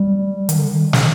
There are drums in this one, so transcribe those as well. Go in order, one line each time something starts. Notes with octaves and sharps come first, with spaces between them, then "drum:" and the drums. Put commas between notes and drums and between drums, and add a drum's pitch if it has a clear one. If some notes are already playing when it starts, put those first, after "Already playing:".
Already playing: G3
D#3, drum: hi-hat
D3
D#3
drum: snare